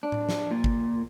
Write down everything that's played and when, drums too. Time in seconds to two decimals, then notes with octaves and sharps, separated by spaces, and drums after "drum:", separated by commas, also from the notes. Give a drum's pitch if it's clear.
0.03 D4
0.12 drum: tom A2
0.29 drum: snare
0.51 A#2
0.64 drum: kick